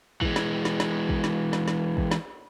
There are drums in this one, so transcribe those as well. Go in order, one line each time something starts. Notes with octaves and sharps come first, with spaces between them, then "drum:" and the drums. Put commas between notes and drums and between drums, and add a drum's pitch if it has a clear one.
E3 G#3, drum: kick
drum: snare
drum: snare
drum: snare
drum: kick
drum: snare
drum: snare
drum: snare
drum: kick
drum: snare